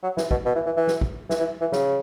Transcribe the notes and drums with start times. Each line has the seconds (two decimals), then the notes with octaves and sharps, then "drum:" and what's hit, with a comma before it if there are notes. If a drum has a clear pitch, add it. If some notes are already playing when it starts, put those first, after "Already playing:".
0.03 F#3
0.17 E3, drum: snare
0.31 B2, drum: kick
0.46 B2
0.56 E3
0.66 E3
0.76 E3
0.87 drum: snare
1.01 drum: kick
1.30 E3, drum: snare
1.40 E3
1.61 E3
1.72 C#3, drum: snare